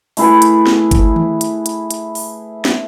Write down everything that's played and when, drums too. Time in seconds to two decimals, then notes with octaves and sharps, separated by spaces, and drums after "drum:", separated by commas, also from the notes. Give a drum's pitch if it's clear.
0.17 A3 E4 G#4 B4, drum: open hi-hat
0.42 drum: hi-hat
0.67 drum: snare
0.91 drum: kick G1, hi-hat
1.16 drum: tom D#3
1.41 drum: hi-hat
1.66 drum: hi-hat
1.91 drum: hi-hat
2.15 drum: open hi-hat
2.65 drum: snare